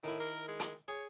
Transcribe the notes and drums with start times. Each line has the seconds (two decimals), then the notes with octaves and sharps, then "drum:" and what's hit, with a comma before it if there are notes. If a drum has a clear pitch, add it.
0.04 A2 D#3 E4
0.20 A#4
0.48 G#3
0.60 drum: hi-hat
0.88 G#4 C#5